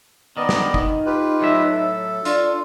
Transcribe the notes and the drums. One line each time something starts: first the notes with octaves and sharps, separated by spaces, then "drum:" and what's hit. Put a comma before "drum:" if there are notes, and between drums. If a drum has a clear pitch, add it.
D#3 B3 D5 D#5
drum: snare
D#4, drum: kick G1
F4 G4 B4
A2 F#3 E5
A4
D4 F4, drum: hi-hat